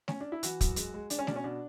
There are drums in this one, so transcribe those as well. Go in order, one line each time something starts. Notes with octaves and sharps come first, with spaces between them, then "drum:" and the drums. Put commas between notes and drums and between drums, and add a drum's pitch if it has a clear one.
C#4, drum: snare A3
D4
E4
E3 F#4, drum: hi-hat
F#2, drum: kick, hi-hat
G#3, drum: hi-hat
G#3
G#3 D4, drum: hi-hat
C#4
B2 D4, drum: snare A3
C#4
B2 D4